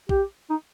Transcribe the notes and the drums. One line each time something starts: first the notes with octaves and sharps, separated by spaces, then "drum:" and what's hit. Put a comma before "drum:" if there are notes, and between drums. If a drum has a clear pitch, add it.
G4, drum: kick A#1
D#4